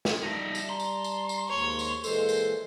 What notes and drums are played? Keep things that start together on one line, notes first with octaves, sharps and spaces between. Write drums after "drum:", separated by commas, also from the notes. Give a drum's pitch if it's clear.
drum: snare
G3 D#4 E5 A5 A#6
drum: tambourine
A#5 C6
drum: tambourine
drum: tambourine
drum: tambourine
D#2 G#2 C#5
drum: tambourine
A#2 E3 G#3 A4 C5, drum: tambourine
drum: tambourine